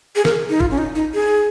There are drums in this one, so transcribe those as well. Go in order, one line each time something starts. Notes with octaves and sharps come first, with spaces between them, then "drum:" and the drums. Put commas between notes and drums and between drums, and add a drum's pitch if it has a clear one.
G#4
A#4, drum: snare
D#4
F4, drum: kick
C#4
D#4
D#4
G#4